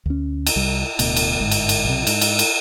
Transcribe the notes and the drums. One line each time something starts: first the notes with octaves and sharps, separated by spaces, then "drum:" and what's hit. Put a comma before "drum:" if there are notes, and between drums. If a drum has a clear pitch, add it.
D2 C#4
drum: cymbal
C2 G3
D1 D2 B2, drum: cymbal
drum: cymbal
G1 G#2
drum: cymbal
drum: cymbal
B1 C3
G#2, drum: cymbal
drum: cymbal
drum: cymbal